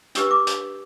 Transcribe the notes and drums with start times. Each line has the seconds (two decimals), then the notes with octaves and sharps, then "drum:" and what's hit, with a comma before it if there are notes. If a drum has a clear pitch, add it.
0.15 D4 G4 B4 E6, drum: hi-hat
0.31 D6
0.47 drum: hi-hat